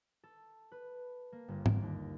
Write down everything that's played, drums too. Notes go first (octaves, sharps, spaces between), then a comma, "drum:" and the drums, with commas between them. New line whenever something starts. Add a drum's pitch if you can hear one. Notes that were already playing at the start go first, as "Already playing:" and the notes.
A4
B4
A#3
G1
D7, drum: tom G#2
D#2